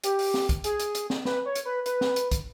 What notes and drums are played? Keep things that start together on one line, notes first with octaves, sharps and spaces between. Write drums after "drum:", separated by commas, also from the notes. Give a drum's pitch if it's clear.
G4, drum: hi-hat
drum: open hi-hat
drum: snare
drum: kick, hi-hat
G#4, drum: hi-hat
drum: hi-hat
drum: hi-hat
drum: snare
B4, drum: snare
C#5
drum: hi-hat
B4
B4, drum: hi-hat
drum: snare
drum: hi-hat
drum: kick, hi-hat